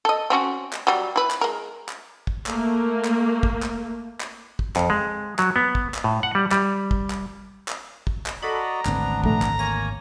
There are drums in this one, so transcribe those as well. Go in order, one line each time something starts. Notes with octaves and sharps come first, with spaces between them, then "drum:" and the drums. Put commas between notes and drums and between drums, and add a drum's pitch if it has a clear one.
A4 D#5
C4 C#4 F#4
drum: clap
F#3 G3
E4 B4
drum: clap
G#3 A#4
drum: clap
drum: kick
A3 A#3, drum: clap
drum: clap
drum: kick
drum: clap
drum: clap
drum: kick
F2, drum: clap
G#3
F#3, drum: clap
B3
drum: kick
drum: clap
A2
F#5
G3
G3, drum: clap
drum: kick
drum: clap
drum: clap
drum: kick
drum: clap
F#4 A4 D5 D#5 A#5 B5
G#1 D2 B3 C4 D4, drum: clap
A#1 A3 A#5, drum: kick
drum: clap
A#3 C#5 G#5 A#6